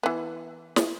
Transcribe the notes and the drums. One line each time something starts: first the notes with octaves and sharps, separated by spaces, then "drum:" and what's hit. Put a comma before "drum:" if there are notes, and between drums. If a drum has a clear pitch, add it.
E3 B3
drum: snare